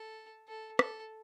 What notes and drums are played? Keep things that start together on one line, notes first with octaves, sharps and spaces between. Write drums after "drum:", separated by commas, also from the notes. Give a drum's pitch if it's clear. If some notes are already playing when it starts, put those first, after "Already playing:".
Already playing: A4
A4
A4, drum: rim click